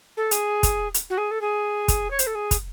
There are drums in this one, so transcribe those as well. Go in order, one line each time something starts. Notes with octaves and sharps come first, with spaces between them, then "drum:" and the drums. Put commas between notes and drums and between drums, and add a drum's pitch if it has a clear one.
A4
G#4, drum: hi-hat
drum: kick, hi-hat
drum: hi-hat
F#4
G#4
A4
G#4
drum: kick, hi-hat
C#5
C5, drum: hi-hat
A4
G#4
drum: kick, hi-hat